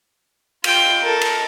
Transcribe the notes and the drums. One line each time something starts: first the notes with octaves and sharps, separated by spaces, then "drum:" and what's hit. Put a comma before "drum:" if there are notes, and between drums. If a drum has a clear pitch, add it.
F4 G5, drum: cymbal
A4 A#4
drum: cymbal